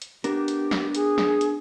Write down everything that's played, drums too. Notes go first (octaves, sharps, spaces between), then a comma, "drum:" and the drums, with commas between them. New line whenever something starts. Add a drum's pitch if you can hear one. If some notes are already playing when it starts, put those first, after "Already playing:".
drum: hi-hat
B3 D4 G4 A#4, drum: hi-hat
drum: hi-hat
drum: snare
G#4, drum: hi-hat
drum: snare
drum: hi-hat